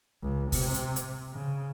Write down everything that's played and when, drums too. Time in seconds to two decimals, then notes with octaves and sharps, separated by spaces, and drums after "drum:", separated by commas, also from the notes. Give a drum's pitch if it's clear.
0.23 C#2
0.52 C3, drum: kick, open hi-hat
0.74 drum: hi-hat
0.96 drum: hi-hat
1.34 C#3